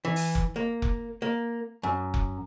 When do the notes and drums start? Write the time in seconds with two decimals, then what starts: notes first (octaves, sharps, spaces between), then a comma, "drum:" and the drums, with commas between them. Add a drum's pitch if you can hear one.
0.05 E3
0.16 drum: open hi-hat
0.35 drum: kick F1
0.56 A#3
0.82 drum: kick F1
1.22 A#3
1.83 F#2
2.14 drum: kick F1